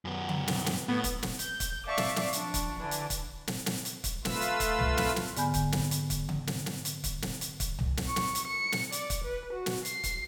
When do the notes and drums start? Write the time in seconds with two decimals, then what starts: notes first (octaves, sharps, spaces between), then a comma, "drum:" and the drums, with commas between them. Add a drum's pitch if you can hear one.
0.05 F#2 B3
0.29 drum: tom C#3
0.48 drum: snare
0.66 drum: snare
0.88 A2 B3
1.04 drum: kick, hi-hat
1.23 drum: snare
1.39 G6, drum: hi-hat
1.60 drum: kick, hi-hat
1.86 D5 E5 F5 A5 C#6 D6
1.98 drum: snare
2.16 drum: snare
2.33 F3 D4 C#6, drum: hi-hat
2.54 drum: kick, hi-hat
2.77 D3 E3 D4
2.91 drum: hi-hat
3.10 drum: kick, hi-hat
3.47 drum: snare
3.66 drum: snare
3.85 drum: hi-hat
4.04 drum: kick, hi-hat
4.25 A3 F4 B4 E6, drum: snare
4.41 drum: hi-hat
4.60 drum: kick, hi-hat
4.79 drum: tom C2
4.97 drum: snare
5.16 drum: snare
5.36 G#2 D3 B3 G#5 B5 G6, drum: hi-hat
5.54 drum: kick, hi-hat
5.72 drum: snare
5.91 drum: hi-hat
6.10 drum: kick, hi-hat
6.29 drum: tom C#3
6.47 drum: snare
6.66 drum: snare
6.85 drum: hi-hat
7.04 drum: kick, hi-hat
7.22 drum: snare
7.41 drum: hi-hat
7.60 drum: kick, hi-hat
7.79 drum: tom C2
7.97 drum: snare
8.07 C#6
8.16 drum: snare
8.35 drum: hi-hat
8.47 C#7
8.72 drum: snare
8.92 D5, drum: hi-hat
9.10 drum: kick, hi-hat
9.24 B4
9.53 F#4
9.66 drum: snare
9.85 C7, drum: hi-hat
10.04 drum: kick, hi-hat